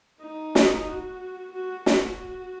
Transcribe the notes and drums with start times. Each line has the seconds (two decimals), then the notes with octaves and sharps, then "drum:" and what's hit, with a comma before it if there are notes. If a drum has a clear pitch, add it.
0.22 D#4
0.55 drum: snare
0.88 F#4
1.53 F#4
1.86 F#4, drum: snare